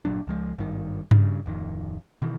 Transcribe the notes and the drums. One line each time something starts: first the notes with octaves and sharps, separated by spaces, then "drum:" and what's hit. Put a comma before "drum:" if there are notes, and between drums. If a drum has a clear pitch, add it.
G1 A#2 F#3 D4
C#2 F3 G#3
G#1 G2 D#3
G2 C#3, drum: tom G2
D1 F2 D#3
B2 D#3 E3